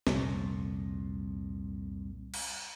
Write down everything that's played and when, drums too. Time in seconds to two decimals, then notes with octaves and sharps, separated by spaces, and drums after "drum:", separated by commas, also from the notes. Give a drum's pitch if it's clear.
0.07 C2 F2 A#2, drum: snare
2.34 drum: cymbal